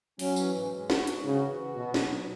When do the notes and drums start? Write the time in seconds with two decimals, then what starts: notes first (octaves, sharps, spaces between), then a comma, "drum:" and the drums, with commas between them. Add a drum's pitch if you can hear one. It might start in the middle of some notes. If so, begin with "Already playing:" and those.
0.19 F#3 C#4, drum: open hi-hat
0.36 E3, drum: tambourine
0.55 G#2
0.71 G#2
0.90 F#4, drum: snare
1.07 G#2, drum: hi-hat
1.24 C#3 F#4
1.42 E3
1.60 F#4
1.76 B2 B3
1.94 F#3, drum: snare